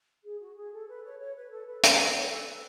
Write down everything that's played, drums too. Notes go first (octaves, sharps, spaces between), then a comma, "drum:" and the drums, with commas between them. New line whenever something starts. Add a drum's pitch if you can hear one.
G#4
F#4
G#4
A4
B4
C#5
C#5
B4
A4
B4
C#5, drum: hi-hat
B4
C#5
A4
B4